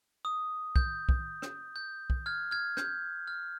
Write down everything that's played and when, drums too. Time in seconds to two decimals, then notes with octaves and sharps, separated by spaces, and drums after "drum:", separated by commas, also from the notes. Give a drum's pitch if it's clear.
0.25 D#6
0.76 G6, drum: kick
1.09 drum: kick
1.42 drum: rim click
1.76 G6
2.10 drum: kick
2.26 F6 G#6
2.51 F6 G#6
2.77 G6, drum: rim click
3.28 F6